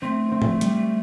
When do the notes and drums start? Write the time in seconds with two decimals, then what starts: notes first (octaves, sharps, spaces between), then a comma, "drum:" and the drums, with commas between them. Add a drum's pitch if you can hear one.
0.02 A3 C4
0.32 C4
0.42 drum: tom A2
0.61 G3, drum: hi-hat